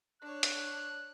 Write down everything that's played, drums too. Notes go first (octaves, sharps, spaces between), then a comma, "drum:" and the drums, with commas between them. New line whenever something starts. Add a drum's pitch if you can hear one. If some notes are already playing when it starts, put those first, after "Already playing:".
D4 C#5 F#6
drum: hi-hat